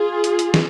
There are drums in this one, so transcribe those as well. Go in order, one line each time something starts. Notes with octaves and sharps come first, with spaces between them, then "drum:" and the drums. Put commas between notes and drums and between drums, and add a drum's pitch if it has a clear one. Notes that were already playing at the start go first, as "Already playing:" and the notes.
Already playing: F4 G#4
drum: hi-hat
drum: hi-hat
drum: snare